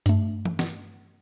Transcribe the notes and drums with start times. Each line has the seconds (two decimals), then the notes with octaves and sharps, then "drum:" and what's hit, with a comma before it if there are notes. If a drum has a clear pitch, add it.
0.06 G2 A3, drum: hi-hat
0.45 drum: tom
0.59 drum: snare